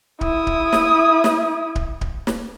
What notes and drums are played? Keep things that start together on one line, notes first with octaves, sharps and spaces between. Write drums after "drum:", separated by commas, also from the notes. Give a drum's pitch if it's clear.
E4 D#6, drum: kick D1
drum: kick D1
drum: snare
drum: snare
drum: kick D1
drum: kick D1
drum: snare